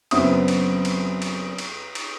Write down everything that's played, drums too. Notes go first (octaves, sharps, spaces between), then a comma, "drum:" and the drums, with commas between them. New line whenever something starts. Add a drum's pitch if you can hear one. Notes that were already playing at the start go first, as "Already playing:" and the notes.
F#1 F#2 B3 C4 E5 D#6, drum: cymbal
drum: cymbal
drum: cymbal
drum: cymbal
drum: cymbal
drum: cymbal